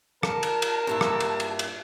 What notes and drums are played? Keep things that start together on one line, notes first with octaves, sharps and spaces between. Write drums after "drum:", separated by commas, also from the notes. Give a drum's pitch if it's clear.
A#4 A5, drum: rim click
drum: cymbal
drum: cymbal
G2 A#3 E4
drum: rim click
drum: cymbal
drum: cymbal
drum: cymbal